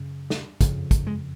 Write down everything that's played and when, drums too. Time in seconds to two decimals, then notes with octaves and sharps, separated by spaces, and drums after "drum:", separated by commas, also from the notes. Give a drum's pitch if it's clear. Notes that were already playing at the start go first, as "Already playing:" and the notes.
Already playing: F#2 C#3
0.30 drum: snare
0.61 F2 C#3, drum: kick, hi-hat
0.91 drum: kick, hi-hat
1.07 G#3